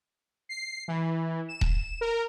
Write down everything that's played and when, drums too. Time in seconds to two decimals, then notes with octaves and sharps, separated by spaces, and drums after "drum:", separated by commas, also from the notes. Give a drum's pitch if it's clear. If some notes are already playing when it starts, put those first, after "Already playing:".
0.49 C7
0.88 E3
1.49 E7
1.61 drum: kick D#1
2.01 A#4